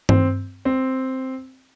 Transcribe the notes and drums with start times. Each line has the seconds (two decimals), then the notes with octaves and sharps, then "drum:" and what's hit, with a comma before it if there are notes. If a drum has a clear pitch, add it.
0.09 C4, drum: tom G2
0.65 C4